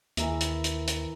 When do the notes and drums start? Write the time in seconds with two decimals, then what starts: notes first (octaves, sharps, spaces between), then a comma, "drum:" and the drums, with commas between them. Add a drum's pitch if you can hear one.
0.17 D#2 E3 A#4 E5, drum: hi-hat
0.41 drum: hi-hat
0.64 drum: hi-hat
0.88 drum: hi-hat